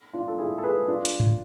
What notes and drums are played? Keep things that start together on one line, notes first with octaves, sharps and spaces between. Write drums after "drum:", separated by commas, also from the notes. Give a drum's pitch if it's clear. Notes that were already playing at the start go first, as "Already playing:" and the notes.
D4 F4
A4
E4 G#4
A4
G#4 B4
D4 F4
drum: hi-hat
drum: tom G#2